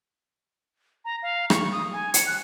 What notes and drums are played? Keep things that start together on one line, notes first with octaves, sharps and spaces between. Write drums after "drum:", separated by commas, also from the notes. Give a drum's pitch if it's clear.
A#5
F5
C#6, drum: rim click
D#6
G#5
C#7, drum: hi-hat
F#6